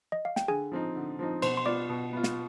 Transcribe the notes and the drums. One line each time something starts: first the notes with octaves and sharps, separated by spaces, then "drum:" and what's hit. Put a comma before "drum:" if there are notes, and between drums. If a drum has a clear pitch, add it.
D#5
F5
G5, drum: snare
D3 G#4 G#5
F3 C4 D#4
D3
F3 C4 D#4
B2 C5 C6, drum: cymbal
C6
B3 F4 D5 D6
B2
B3 F4
drum: snare